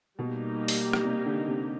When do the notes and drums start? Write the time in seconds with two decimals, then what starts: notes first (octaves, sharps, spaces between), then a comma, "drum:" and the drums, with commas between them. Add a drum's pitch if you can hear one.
0.19 B2 G3 A#3 D#4 G4
0.68 drum: open hi-hat
0.93 drum: rim click
1.05 C3
1.26 D3
1.47 C3